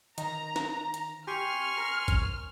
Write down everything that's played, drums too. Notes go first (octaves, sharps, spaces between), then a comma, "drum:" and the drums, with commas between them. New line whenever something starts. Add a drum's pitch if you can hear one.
D#3 A#5, drum: hi-hat
drum: snare
drum: hi-hat
G4 G#5 C6 C#6 F6
A#4
drum: kick G#1, hi-hat